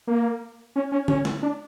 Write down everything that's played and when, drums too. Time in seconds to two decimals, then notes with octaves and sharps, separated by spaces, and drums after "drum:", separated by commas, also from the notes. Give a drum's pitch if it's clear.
0.07 A#3
0.76 C#4
0.92 C#4
1.08 C#4, drum: tom D3
1.25 drum: snare
1.43 D4